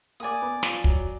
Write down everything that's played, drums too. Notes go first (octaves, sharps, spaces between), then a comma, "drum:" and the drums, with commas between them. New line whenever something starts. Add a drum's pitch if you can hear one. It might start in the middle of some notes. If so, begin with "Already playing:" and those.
A#3 D5 G#5 D#6
B3
F3, drum: snare
F#3, drum: kick